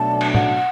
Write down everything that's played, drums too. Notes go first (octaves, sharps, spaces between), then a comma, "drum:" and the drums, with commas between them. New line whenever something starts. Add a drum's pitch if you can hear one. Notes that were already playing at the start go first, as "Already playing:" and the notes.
Already playing: B1 B2 F#3 A3 D4 A5
drum: cymbal
F#5, drum: tom A2